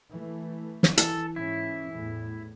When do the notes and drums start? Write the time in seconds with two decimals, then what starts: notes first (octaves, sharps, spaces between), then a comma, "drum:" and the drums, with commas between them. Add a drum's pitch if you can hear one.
0.12 E3 A3
0.83 drum: snare
0.98 E3 A4, drum: hi-hat
1.36 G#2 C#4 E4
1.90 E2 A2